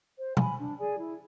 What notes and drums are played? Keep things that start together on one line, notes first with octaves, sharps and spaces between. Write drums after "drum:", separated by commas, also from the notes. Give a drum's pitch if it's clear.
C5
G#5 B5, drum: tom B2
D4
G#4 D5 G#5
E4